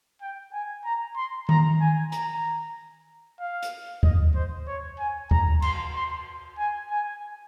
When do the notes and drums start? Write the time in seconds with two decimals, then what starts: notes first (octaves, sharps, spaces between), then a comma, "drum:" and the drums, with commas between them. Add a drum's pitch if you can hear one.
0.22 G5
0.53 G#5
0.85 A#5
1.16 C6
1.49 A#5, drum: tom D#3
1.81 G#5
2.12 A#5, drum: hi-hat
3.40 F5
3.62 drum: hi-hat
4.03 D#5, drum: kick D2
4.35 C5
4.67 C#5
4.99 G#5
5.31 A#5, drum: kick D2
5.62 C6, drum: cymbal
5.95 C6
6.58 G#5
6.90 G#5